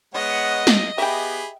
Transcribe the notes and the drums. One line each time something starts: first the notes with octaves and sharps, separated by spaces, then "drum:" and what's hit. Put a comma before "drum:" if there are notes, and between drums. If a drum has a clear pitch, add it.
G#3 B3 C#5 D#5 F#5
drum: snare
B3 G4 G#4 E5 G5 B5